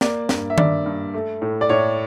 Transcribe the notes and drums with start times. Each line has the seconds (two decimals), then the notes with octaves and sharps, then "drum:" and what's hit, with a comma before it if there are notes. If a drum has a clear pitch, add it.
0.01 A#3 D5, drum: snare
0.29 G2, drum: snare
0.50 E5
0.58 G2 D5, drum: tom D#3
0.86 G2
1.14 A3
1.42 A2
1.61 D5
1.69 A2 C#5